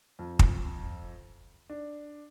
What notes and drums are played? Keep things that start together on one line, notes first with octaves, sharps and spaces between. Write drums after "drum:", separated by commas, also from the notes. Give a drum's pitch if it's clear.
F2
drum: kick
D4